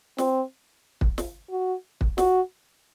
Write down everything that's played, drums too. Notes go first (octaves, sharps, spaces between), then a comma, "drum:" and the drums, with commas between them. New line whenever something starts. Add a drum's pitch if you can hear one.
C4, drum: snare
drum: kick
drum: snare
F#4
drum: kick
F#4, drum: snare